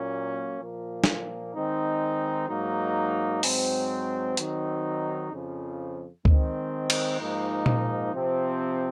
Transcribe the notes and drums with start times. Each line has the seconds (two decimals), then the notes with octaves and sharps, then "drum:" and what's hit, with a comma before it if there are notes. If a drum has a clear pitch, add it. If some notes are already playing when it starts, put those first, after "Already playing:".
Already playing: A#2 F#3 A#3 C#4
0.61 A#2 F3 A#3
1.04 drum: snare
1.54 D#3 G#3 C4 D#4
2.49 G#2 F#3 A#3 D#4
3.43 G#2 F#3 C4, drum: open hi-hat
4.37 D#3 F#3 C4 D#4, drum: hi-hat
5.31 F2 C#3 F3
6.25 D#3 G#3 C4, drum: kick
6.90 drum: cymbal
7.20 G#2 F3 A#3 D#4
7.66 drum: tom A#2
8.14 C3 F3 C4